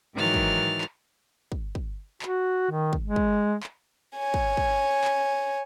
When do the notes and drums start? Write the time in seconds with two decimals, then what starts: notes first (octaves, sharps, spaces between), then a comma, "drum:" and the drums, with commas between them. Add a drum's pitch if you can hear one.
0.15 G#2 D#3 E3 F#3 F6 A6
0.34 drum: kick
0.81 drum: clap
1.52 drum: kick
1.75 drum: kick
2.22 F#4, drum: clap
2.71 D#3
2.93 drum: kick
3.03 G#3
3.16 drum: kick
3.63 drum: clap
4.17 C#5 G#5
4.34 drum: kick
4.57 drum: kick
5.04 drum: clap